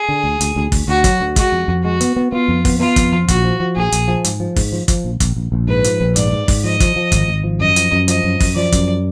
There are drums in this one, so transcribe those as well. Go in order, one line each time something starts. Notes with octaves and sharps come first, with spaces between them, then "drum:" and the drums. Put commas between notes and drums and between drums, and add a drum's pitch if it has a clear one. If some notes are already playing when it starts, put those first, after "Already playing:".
Already playing: G#4
D3
D2
D2, drum: hi-hat
D2
D2, drum: kick, open hi-hat
D2 F#4
F#3, drum: kick, hi-hat
D2
G#3 F#4, drum: kick, hi-hat
F2
F2
G#3 F#4
B3, drum: hi-hat
B3
B3 F4
F2
B3, drum: kick, open hi-hat
B3 F4
F2, drum: kick, hi-hat
F3
A#1 F#4, drum: kick, hi-hat
F3
F3
A#1 G#4
A#1, drum: hi-hat
F3
G#2, drum: hi-hat
F3
G#2, drum: kick, open hi-hat
F3
F3, drum: kick, hi-hat
A#1
A#1, drum: kick, hi-hat
A#1
A#1
G#2 B4
F3, drum: hi-hat
A#1
G#2 D5, drum: hi-hat
G#2
G#2, drum: kick, open hi-hat
F3 D#5
F3, drum: kick, hi-hat
F3
G#1, drum: kick, hi-hat
G#1
F3
F#2 D#5
F3, drum: hi-hat
F#2
F3 D#5, drum: hi-hat
F#2
F#2, drum: kick, open hi-hat
F3 D5
F#2, drum: kick, hi-hat